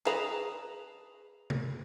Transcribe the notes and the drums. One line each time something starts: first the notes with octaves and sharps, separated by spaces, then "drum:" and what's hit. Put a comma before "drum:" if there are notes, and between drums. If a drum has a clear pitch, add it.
G#4 B4 A5 A#5, drum: clap
drum: tom C3